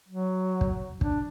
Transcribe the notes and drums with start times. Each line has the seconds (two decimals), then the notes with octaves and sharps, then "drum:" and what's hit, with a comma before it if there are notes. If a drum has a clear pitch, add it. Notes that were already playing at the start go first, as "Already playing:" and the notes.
0.08 F#3
0.61 drum: kick
1.01 D4, drum: kick